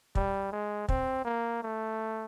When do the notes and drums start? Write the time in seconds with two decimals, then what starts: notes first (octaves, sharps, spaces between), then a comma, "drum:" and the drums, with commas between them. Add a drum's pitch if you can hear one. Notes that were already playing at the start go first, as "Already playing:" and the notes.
0.15 G3, drum: kick
0.52 G#3
0.89 C4, drum: kick
1.25 A#3
1.62 A3